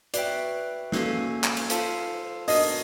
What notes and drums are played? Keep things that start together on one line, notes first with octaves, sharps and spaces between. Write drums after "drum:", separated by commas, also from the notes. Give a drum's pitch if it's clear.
F#4 B4 D5 E5 G5, drum: hi-hat
A#3 C#4 F#4 A4, drum: snare
drum: clap
drum: cymbal
F4 A4 C5 F5 A5, drum: hi-hat
D4 F#4 A#4 D#5, drum: open hi-hat